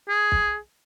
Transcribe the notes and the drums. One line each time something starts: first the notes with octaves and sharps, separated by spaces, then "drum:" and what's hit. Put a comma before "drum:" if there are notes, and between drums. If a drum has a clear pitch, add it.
G#4
drum: kick